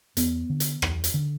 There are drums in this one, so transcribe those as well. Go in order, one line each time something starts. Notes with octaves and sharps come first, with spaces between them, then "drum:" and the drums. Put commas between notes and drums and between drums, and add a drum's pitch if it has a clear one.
E2 B3, drum: hi-hat
D3
drum: hi-hat
E2, drum: rim click
drum: hi-hat
D3